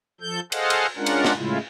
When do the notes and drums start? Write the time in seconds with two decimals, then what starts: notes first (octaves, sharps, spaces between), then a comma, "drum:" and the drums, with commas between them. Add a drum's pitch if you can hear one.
0.21 F3 A4 G6
0.52 G#4 A4 C5 D#5 F5 F#5, drum: cymbal
0.70 drum: cymbal
0.97 G#3 C#4 D4 F4 A#4 F#5
1.06 drum: cymbal
1.25 drum: snare
1.37 A2 C#3 G#3 E4 F4